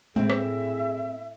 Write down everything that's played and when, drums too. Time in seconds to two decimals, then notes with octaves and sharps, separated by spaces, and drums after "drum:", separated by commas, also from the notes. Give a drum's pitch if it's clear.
0.16 A2 C4 G#4 E5, drum: tom G#3
0.30 drum: rim click